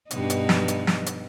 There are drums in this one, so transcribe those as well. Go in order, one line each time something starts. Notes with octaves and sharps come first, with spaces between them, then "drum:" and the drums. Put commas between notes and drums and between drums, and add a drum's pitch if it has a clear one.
G2 B2 D#4, drum: hi-hat
drum: hi-hat
drum: snare
drum: hi-hat
drum: snare
drum: hi-hat